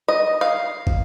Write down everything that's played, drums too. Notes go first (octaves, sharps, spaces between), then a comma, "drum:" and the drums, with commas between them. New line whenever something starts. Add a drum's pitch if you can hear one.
D#5
F5
drum: kick